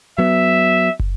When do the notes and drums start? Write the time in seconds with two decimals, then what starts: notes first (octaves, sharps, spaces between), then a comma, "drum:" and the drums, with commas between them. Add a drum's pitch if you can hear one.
0.18 F#3 B3 E5
1.00 drum: kick